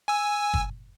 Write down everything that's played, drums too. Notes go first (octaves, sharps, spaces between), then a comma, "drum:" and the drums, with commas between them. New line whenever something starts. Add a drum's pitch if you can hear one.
G#5 E6
drum: kick